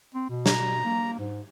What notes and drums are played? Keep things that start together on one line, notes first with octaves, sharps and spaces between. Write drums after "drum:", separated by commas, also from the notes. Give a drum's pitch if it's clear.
C4
B2
A#5, drum: snare
A#3
G#2